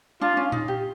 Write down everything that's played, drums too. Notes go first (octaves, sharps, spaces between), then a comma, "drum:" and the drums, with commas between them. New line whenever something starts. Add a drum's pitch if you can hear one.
D4 F4
C#4
D#4, drum: tom A#2
G4